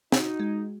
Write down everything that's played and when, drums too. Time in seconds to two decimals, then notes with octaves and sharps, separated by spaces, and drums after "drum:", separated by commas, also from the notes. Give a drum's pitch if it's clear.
0.12 D#4 F#4, drum: snare
0.40 G#3